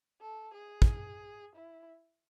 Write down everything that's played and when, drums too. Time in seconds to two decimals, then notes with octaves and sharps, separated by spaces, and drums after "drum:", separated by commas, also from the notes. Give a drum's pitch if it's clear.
0.21 A4
0.54 G#4
0.82 drum: kick
1.55 E4